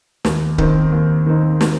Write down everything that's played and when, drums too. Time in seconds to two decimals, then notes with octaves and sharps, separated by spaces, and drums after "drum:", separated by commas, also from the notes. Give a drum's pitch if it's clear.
0.25 D#2, drum: snare
0.58 D#3 C4 D#4, drum: kick C#1
0.92 D#2
1.26 D#3 C4 D#4
1.61 drum: snare